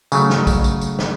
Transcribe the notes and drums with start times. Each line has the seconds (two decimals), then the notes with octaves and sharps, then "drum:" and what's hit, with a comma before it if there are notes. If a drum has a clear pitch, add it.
0.12 C#3 F#3 A3, drum: tambourine
0.30 drum: snare
0.47 drum: kick, tambourine
0.64 drum: tambourine
0.81 drum: tambourine
0.99 drum: snare